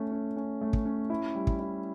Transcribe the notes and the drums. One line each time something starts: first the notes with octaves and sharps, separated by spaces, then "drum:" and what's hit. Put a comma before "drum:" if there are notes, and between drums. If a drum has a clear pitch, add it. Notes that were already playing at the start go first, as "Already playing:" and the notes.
Already playing: A3 C#4
C#4
C#4
A3
drum: kick
C#4
E4
G3
drum: kick
E4